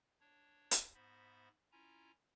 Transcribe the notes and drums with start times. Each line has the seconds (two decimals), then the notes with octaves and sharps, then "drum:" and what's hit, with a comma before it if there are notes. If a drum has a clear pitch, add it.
0.21 D4 C#5
0.71 drum: hi-hat
0.94 G#2 B3 C5 E5 B5 A#6
1.72 C#4 E4 F4 G#5 A#5